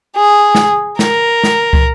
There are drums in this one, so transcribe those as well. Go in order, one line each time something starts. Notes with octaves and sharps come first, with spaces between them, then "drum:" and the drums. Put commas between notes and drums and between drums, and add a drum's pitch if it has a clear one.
G#4
drum: snare
A#4, drum: snare
drum: snare
drum: kick